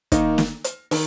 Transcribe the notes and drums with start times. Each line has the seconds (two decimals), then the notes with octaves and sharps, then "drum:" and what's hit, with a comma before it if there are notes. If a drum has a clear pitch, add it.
0.12 D#3 A#3 D#4, drum: kick, hi-hat
0.38 drum: snare
0.64 drum: hi-hat
0.91 D#3, drum: open hi-hat